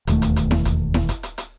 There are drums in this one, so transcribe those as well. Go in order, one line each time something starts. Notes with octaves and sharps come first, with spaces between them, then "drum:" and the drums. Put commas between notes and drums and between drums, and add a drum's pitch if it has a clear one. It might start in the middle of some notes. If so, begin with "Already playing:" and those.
E1 D#2 A3, drum: hi-hat
drum: hi-hat
drum: hi-hat
drum: snare E4
drum: kick, hi-hat
drum: snare E4
drum: kick, hi-hat
drum: hi-hat
drum: hi-hat